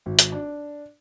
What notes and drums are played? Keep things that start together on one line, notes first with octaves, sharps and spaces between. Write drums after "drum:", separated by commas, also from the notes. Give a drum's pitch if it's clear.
G#1
drum: hi-hat
D4